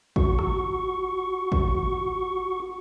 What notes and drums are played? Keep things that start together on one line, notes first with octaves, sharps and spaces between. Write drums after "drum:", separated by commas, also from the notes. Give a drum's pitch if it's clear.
F#4 C#6, drum: kick
drum: rim click
drum: kick